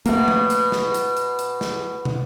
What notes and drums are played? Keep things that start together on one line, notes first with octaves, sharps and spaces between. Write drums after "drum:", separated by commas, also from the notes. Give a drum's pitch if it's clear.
B2 A3 A#3, drum: hi-hat
drum: tom
drum: hi-hat
drum: snare
drum: hi-hat
drum: hi-hat
drum: hi-hat
drum: snare
drum: tom